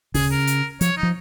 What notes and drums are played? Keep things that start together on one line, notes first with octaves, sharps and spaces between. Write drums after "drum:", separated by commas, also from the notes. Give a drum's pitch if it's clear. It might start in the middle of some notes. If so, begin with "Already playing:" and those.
C#3 G#4, drum: kick D2, open hi-hat
A#4
drum: hi-hat
F3 C#5, drum: hi-hat
D#4
F3